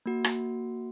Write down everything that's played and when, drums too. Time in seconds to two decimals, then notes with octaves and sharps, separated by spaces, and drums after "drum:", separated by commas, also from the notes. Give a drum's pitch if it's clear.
0.06 A#3 F#4
0.24 drum: rim click